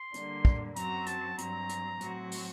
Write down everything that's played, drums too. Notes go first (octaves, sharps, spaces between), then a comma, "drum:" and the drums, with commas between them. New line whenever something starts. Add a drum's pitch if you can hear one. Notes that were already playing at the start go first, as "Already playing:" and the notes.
Already playing: C6
D3 G3 A#3, drum: hi-hat
drum: kick
F#2 F#3 C4 F#4 A#5, drum: hi-hat
A5, drum: hi-hat
G2 F#3 C4 A#5, drum: hi-hat
drum: hi-hat
A2 F#3 C4 F#4, drum: hi-hat
drum: open hi-hat